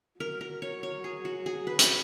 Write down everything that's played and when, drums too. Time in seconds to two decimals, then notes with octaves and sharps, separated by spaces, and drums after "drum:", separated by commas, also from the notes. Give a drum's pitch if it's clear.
0.20 F#3 A#4
0.41 A#4
0.62 C#5
0.83 C#5
1.04 G#4
1.25 F#4
1.46 G#4
1.67 B4
1.79 drum: hi-hat